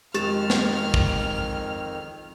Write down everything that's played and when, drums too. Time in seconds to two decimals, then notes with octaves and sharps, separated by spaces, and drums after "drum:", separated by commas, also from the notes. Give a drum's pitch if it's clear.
0.14 F2 D#3 G#3 G4 F6 A6 E7, drum: hi-hat
0.50 drum: snare
0.94 drum: kick